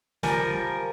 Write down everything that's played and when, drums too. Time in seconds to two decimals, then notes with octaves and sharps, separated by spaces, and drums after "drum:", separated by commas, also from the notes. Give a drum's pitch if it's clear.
0.23 F3 G3 A#4 G#5, drum: snare